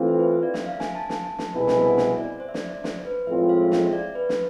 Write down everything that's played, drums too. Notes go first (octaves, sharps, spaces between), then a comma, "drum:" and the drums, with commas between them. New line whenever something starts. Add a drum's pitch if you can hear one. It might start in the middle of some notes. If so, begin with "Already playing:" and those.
Already playing: E3 A3 C4 F4
E5
B4
C5
D5
E5, drum: snare
F5
G#5, drum: snare
A5
drum: snare
drum: snare
C2 B2 B3 E4 G#4
G#5, drum: snare
E5
C5, drum: snare
D5
C5
E5
D5, drum: snare
D5
C5, drum: snare
B4
A2 F3 G#3 C4 F4 E5
F5
E5, drum: snare
D5
B4
drum: snare